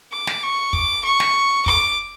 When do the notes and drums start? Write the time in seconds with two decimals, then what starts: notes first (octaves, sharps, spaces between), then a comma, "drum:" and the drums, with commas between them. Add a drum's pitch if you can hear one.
0.12 D6
0.27 drum: snare
0.43 C#6
0.73 D6, drum: kick
1.05 C#6
1.20 drum: snare
1.66 D6, drum: kick